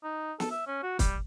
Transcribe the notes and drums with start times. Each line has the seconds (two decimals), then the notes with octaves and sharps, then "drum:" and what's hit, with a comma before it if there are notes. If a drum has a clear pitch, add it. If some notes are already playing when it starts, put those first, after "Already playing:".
0.04 D#4
0.40 A4, drum: snare
0.51 E5
0.67 C#4
0.83 F#4
0.99 G3, drum: kick, hi-hat